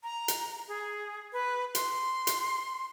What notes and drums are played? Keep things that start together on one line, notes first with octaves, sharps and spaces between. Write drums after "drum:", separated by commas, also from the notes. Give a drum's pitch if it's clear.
A#5
drum: hi-hat
G#4
B4
C6, drum: hi-hat
drum: hi-hat